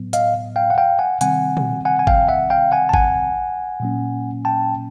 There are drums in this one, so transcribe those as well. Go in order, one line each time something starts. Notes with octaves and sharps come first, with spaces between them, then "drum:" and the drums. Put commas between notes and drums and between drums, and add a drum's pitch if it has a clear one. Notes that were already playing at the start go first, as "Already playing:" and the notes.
Already playing: A2 F#3 B3
D#5 F5, drum: hi-hat
F5 G5
F#5
F5 G5
F#5 G#5
C3 D#3 G3 C4 F#5 G#5, drum: hi-hat
drum: tom
F#5 G#5
G#5
F5 G5, drum: kick G#1
E5 F#5
F5 G5
F#5 G#5
A5
F#5 G#5, drum: kick G#1
A#2 F#3 A#3 C#4
G5 A5